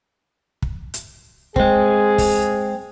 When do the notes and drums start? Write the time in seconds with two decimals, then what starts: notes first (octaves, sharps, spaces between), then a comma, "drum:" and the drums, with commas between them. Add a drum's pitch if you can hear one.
0.62 drum: kick
0.94 drum: hi-hat
1.56 G#3 C4 G#4, drum: kick
2.18 drum: kick, open hi-hat